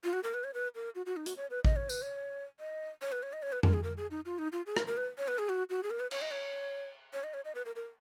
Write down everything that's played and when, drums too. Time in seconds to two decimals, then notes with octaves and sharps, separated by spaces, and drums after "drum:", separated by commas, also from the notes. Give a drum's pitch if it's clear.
0.04 F4
0.13 F#4
0.23 A#4
0.34 B4
0.44 C#5
0.54 B4
0.75 A#4
0.95 F#4
1.06 F#4
1.16 D#4
1.26 F#4, drum: hi-hat
1.37 C#5
1.50 B4
1.65 D#5, drum: kick A1
1.76 C#5
1.89 B4, drum: tambourine
2.02 C#5
2.60 D#5
3.02 C#5
3.12 B4
3.23 C#5
3.33 D#5
3.43 C#5
3.52 B4
3.63 A#4, drum: tom F2
3.73 G#4
3.83 A#4
3.97 G#4
4.11 D#4
4.26 F4
4.39 D#4
4.52 F4
4.66 G#4
4.77 A#4, drum: rim click
4.87 A#4
4.97 B4
5.18 C#5
5.28 B4
5.39 G#4
5.49 F#4
5.70 F#4
5.83 G#4
5.91 A#4
6.00 B4
6.11 C#5, drum: cymbal
6.21 D#5
6.31 C#5
7.13 C#5
7.24 D#5
7.34 C#5
7.45 D#5
7.55 B4
7.66 A#4
7.76 A#4